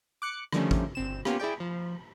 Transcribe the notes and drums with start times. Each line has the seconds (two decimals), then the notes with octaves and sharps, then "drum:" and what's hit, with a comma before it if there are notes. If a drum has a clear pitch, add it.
0.22 D6 F#6 C#7
0.52 D3 D#3 F3 G3 A3 C#4, drum: rim click
0.71 drum: kick A1
0.95 G1 C4 E7
1.25 A#3 B3 C#4 F4 G4, drum: rim click
1.40 E4 G#4 D5 G5
1.60 F3